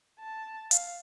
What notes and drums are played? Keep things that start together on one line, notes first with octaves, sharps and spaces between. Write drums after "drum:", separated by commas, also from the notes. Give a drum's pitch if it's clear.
A5
F5, drum: hi-hat